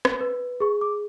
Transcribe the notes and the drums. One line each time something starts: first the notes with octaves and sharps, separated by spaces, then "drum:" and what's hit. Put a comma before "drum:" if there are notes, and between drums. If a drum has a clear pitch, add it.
drum: rim click
B4
G#4 C#6
D6